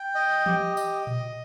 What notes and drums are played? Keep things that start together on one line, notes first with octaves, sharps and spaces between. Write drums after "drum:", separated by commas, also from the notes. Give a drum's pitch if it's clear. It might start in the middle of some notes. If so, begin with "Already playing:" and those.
Already playing: G5
D#5
G4, drum: tom E3
D#5, drum: tambourine
drum: tom A#2